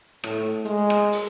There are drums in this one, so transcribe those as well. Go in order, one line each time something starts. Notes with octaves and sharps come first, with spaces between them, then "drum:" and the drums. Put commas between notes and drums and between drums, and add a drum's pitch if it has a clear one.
A2, drum: rim click
G#3, drum: hi-hat
drum: rim click
drum: open hi-hat